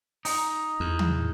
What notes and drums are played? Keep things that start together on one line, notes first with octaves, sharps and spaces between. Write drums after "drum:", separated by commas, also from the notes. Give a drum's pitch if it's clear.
D#4, drum: open hi-hat
E2
drum: tom